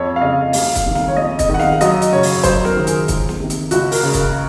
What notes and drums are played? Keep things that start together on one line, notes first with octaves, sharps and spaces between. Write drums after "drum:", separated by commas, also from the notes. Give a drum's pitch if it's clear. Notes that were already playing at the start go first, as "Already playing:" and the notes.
Already playing: F2 C#5
F5
C#3 D#5
C2 F5, drum: open hi-hat
F5, drum: kick, hi-hat
C3 D#3
F5, drum: snare
C#5
F2 D#5
D#5, drum: kick, hi-hat
D#3 F#5
F5, drum: snare
F#2 D#5, drum: hi-hat
drum: hi-hat
C#3 C#5
drum: open hi-hat
F#2 C5, drum: kick, hi-hat
A#4, drum: snare
D#3
G#4, drum: hi-hat
C#2, drum: kick, hi-hat
drum: snare
C3 D#3
drum: hi-hat
C#2 F#4, drum: hi-hat
A#4, drum: open hi-hat
C#3
drum: kick, hi-hat